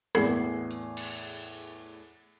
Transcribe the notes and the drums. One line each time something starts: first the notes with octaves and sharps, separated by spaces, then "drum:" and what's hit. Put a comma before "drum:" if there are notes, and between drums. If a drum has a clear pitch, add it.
E2 A2 B3 G#4 C7, drum: rim click
drum: hi-hat
drum: cymbal